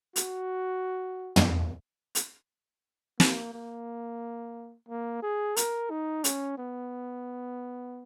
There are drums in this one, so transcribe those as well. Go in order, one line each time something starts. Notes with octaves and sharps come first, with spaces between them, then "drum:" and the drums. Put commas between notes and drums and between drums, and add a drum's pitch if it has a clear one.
F#4, drum: hi-hat
drum: tom
drum: hi-hat
A#3, drum: snare
A#3
A#3
G#4
A#4, drum: hi-hat
D#4
C#4, drum: hi-hat
B3